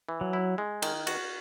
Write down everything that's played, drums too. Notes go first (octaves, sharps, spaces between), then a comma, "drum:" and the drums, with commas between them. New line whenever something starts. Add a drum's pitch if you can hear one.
E3
F#3
E4
G#3
D#3, drum: cymbal
F#4, drum: cymbal